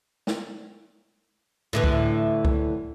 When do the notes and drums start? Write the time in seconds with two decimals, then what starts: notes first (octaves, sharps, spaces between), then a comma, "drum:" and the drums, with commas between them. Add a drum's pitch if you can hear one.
0.27 drum: snare
1.73 A2 D3 E3
1.84 drum: kick
2.45 drum: kick